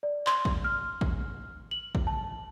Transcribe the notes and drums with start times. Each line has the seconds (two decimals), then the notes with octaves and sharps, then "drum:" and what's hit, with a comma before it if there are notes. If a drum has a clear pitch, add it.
0.03 D5
0.27 C6, drum: clap
0.45 drum: kick A1
0.64 F6
1.01 drum: kick A1
1.71 F#7
1.95 drum: kick A1
2.07 A5